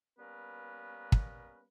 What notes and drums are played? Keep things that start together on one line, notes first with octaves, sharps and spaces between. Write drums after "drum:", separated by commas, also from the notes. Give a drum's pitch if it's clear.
G3 A#3 B3 C#4 A#4 B4
drum: kick